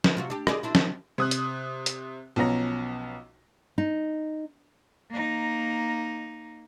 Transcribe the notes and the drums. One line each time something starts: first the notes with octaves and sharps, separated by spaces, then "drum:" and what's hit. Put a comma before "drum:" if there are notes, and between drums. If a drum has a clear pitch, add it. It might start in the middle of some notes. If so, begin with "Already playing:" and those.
B4, drum: snare
C3 F4 F#4
D4 G4
D#4 G#4 D5, drum: rim click
D4 E4 C5
D#3, drum: snare
C3 D#6 F#6
drum: hi-hat
drum: hi-hat
B1 F3 B3 C#4 A#5 A#6
D#4
A#3 D#4